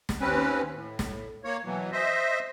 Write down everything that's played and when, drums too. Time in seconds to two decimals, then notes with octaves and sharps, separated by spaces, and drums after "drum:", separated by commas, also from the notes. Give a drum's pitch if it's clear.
0.09 drum: snare
0.21 D#2 C4 C#4 B4
0.74 A2
0.99 drum: snare
1.44 A#3 C#5
1.65 B2 E3 F#3
1.92 C5 D#5 E5